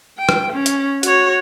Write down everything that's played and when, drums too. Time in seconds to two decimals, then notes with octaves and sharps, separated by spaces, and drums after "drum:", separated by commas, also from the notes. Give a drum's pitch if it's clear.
0.18 G5
0.29 drum: rim click
0.52 C#4
0.66 drum: hi-hat
1.03 F#4 C#5, drum: hi-hat